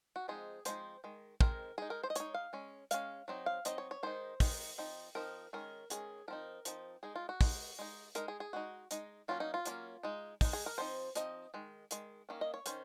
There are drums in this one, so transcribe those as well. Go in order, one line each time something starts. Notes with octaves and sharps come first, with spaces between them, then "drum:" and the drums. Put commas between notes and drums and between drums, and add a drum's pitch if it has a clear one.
F#4
F3 G#3 C4 D#4 G#4
F3 G#3 C4 D#4 C5, drum: hi-hat
D#3 G#3
D#3 G#3 C4 A#4, drum: kick
G#3 D#4 G#4
A#4
C5
D#5
G#3 D#4 C#5, drum: hi-hat
F5
G#3 C#4
G#3 C#4 F5, drum: hi-hat
F#3 C4 D#4
F5
F#3 C4 D#4 D#5, drum: hi-hat
C#5
C#5
D#3 G#3 D#4 C5
D#3 G#3 D#4, drum: kick, open hi-hat
F3 C4 D#4
F3 C4 D#4 A#4
D#3 G#3 C#4 A#4
D#3 G#3 C#4 G#4, drum: hi-hat
F3 C4 D#4 A#4
F3 C4 D#4, drum: hi-hat
G#3 D#4 G#4
F4
F#4
G#3 D#4, drum: kick, open hi-hat
G#3 D#4
G#3 D#4 A#4, drum: hi-hat
G#4
G#4
G#3 D#4 F#4
G#3 D#4, drum: hi-hat
F#3 A#3 C#4 F4
D#4
F4
F#3 A#3 C#4, drum: hi-hat
G#3 D#4
G#3 D#4, drum: kick, open hi-hat
G#4
A#4
F3 C4 D#4 C5
F3 C4 D#4 D#5, drum: hi-hat
D#3 G#3
D#3 G#3, drum: hi-hat
D#3 A#3 C#4
D#5
C#5
D#3 A#3 C#4 C5, drum: hi-hat